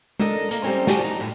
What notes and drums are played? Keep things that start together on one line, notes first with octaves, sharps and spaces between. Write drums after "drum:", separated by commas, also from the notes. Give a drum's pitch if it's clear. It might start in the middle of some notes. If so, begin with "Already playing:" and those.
D4 A4 A#4 D#5, drum: tom G#3
A#3, drum: hi-hat
G3 A#3 C4 C#4
G3 F#4 G4 G#5 A5, drum: snare
D#4
F#2 A2